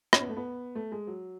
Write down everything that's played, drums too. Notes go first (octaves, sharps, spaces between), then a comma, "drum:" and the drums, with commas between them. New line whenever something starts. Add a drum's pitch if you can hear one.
C#4, drum: rim click
B3
A3
B3
A3
G#3
F#3